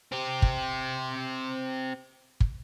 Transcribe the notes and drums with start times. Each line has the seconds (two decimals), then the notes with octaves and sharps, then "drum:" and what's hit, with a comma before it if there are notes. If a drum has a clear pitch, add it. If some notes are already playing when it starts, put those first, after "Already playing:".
0.12 C4 G4
0.42 drum: kick
2.40 drum: kick